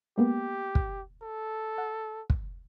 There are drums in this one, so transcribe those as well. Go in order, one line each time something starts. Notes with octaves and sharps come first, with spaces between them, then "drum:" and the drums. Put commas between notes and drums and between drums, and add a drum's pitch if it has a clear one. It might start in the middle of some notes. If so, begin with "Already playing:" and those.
G#3 A#3 B3 G4
drum: kick
A4
F#5
drum: kick